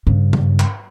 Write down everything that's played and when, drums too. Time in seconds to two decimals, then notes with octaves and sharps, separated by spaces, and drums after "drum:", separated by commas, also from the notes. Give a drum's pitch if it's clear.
0.07 G2 C#3
0.33 drum: tom G2
0.60 drum: clap